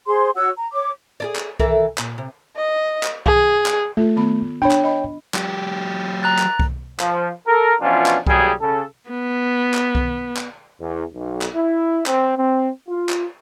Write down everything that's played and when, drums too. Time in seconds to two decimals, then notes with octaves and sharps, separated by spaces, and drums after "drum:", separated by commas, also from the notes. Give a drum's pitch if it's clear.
0.06 G#4 C5 C6
0.35 F#4 C#5 F#5 E6
0.57 A#5
0.72 C#5 D6
1.20 G#4 A4 D5
1.36 drum: clap
1.60 E3 A4 A#4, drum: kick C2
1.98 A#2, drum: clap
2.18 C3
2.56 D#5
3.03 drum: clap
3.26 G#4, drum: kick C2
3.66 drum: clap
3.97 A3 F4 A4
4.16 D#3 B3 B5
4.62 D4 C#5 G5 B5
4.71 drum: clap
4.84 D#5 B5
5.34 F#3 G4, drum: clap
6.23 A#5 F#6 A6
6.39 drum: clap
6.60 drum: kick C2
7.00 F3, drum: clap
7.47 A4 A#4
7.81 B2 E3 F3 C#4 D4 F4
8.06 drum: clap
8.27 A1 A#2 F#3 G3 G#4, drum: kick C2
8.61 C#3 A4
9.10 B3
9.74 drum: clap
9.95 drum: kick C2
10.37 drum: clap
10.79 E2
11.13 B1
11.42 drum: clap
11.54 E4
12.06 C4, drum: clap
12.36 C4
12.87 F4
13.09 drum: clap